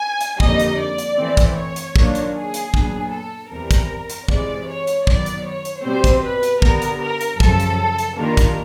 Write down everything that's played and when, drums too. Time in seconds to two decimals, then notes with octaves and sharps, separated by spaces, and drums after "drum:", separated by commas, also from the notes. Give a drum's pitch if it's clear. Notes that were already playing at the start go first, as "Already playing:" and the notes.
Already playing: G#5
0.21 drum: hi-hat
0.40 F2 D3 G3 A#3 D#4 D#5, drum: kick
0.59 drum: hi-hat
0.79 D5
0.98 drum: hi-hat
1.18 E3 A3 C4
1.37 drum: kick, hi-hat
1.56 C#5
1.76 drum: hi-hat
1.96 D#3 F#3 A#3 D4 F4, drum: kick
2.15 drum: hi-hat
2.35 G#4
2.54 drum: hi-hat
2.74 A#2 F#3 B3 D4, drum: kick
3.12 A4
3.51 E2 C3 E3 G3 A#4
3.71 drum: kick, hi-hat
4.10 drum: hi-hat
4.28 C3 E3 G#3 D5, drum: kick
4.68 C#5
4.87 drum: hi-hat
5.07 D#3 F#3 B3 D5, drum: kick
5.26 drum: hi-hat
5.46 C#5
5.65 drum: hi-hat
5.84 B2 G3 C4 C5
6.04 drum: kick, hi-hat
6.23 B4
6.43 drum: hi-hat
6.62 D3 G3 B3 A#4, drum: kick
6.82 drum: hi-hat
7.01 A#4
7.21 drum: hi-hat
7.40 F#2 C#3 F3 A4, drum: kick
7.60 drum: hi-hat
7.98 drum: hi-hat
8.18 D#3 G3 A#3 D4 F4 A#4
8.37 drum: kick, hi-hat